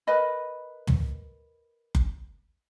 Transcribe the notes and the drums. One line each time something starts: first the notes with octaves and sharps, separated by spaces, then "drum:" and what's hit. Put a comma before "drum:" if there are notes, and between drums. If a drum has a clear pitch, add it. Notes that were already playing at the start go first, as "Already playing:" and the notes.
A#4 B4 D#5 B5
drum: tom
drum: kick F#1